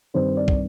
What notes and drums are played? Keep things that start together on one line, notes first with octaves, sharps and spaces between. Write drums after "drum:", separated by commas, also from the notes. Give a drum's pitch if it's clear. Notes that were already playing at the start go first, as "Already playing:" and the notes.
G2 D#3 G3 C4 C5
D5
drum: kick